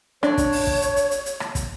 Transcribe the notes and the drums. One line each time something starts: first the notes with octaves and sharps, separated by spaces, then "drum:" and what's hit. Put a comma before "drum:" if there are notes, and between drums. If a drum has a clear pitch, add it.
D4 C#5, drum: rim click
drum: kick, hi-hat
drum: open hi-hat
drum: kick
drum: hi-hat
drum: hi-hat
drum: hi-hat
drum: hi-hat
drum: rim click
drum: kick, hi-hat